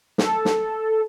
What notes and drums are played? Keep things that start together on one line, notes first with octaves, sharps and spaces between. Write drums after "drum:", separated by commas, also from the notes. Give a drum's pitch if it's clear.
A4, drum: snare
drum: snare